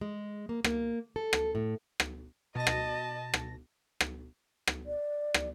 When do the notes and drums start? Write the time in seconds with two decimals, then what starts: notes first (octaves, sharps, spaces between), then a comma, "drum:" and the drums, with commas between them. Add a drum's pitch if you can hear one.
0.01 G#3
0.49 A#3
0.64 A#3, drum: rim click
1.16 A4
1.33 drum: rim click
1.55 A2
2.00 drum: rim click
2.56 B2 D#5 A5 A#6
2.67 drum: rim click
3.34 drum: rim click
4.00 drum: rim click
4.67 drum: rim click
4.86 D5
5.34 drum: rim click